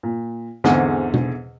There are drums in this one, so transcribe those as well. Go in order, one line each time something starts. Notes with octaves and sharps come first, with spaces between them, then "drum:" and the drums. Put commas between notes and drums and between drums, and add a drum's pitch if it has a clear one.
A#2
E2 G#2 D3 C4, drum: snare
drum: tom B2